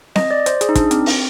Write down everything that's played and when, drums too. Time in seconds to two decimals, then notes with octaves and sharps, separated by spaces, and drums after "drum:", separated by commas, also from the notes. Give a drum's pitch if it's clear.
0.16 D#5, drum: snare C4
0.31 D5
0.46 C5, drum: hi-hat
0.61 G#4, drum: hi-hat
0.69 D#4
0.75 D4, drum: kick, hi-hat
0.91 C4, drum: hi-hat
1.06 drum: open hi-hat